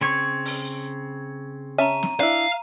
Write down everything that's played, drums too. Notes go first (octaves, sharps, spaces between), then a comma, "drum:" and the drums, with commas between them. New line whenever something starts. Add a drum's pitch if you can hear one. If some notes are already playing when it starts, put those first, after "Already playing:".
C#3 C4 C#5
drum: open hi-hat
C#4 E5 A5 A#5 D#7
drum: snare
D4 E4 F5